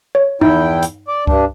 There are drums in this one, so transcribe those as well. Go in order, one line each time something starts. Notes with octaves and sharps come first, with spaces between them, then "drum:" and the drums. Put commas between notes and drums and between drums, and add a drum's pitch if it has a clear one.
C#5
E2 D#4 E4 G5, drum: tom G2
drum: hi-hat
D5
G2 D4, drum: kick C2